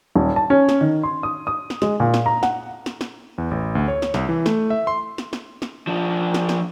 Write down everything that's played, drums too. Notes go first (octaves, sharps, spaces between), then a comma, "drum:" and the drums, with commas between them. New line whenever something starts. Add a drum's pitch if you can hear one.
D#1
A5
C#4
drum: snare
D#3
C6
D#6
D#6
drum: snare
G#3, drum: snare
A#2
drum: snare
A#5
F#5, drum: snare
drum: snare
drum: snare
E2
A1
D2
C#5
drum: snare
C2, drum: snare
E3
A3, drum: snare
E5
C6
drum: snare
drum: snare
drum: snare
F3 D4
drum: snare
drum: snare